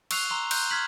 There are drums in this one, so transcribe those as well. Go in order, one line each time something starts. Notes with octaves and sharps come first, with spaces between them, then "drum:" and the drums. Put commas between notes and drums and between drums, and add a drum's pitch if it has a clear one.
C#6 E6 F#6 C7 F7, drum: cymbal
A#5 C6 E6 G7
C6 F#6 G6, drum: cymbal
C6 F6 G#6 B6 F#7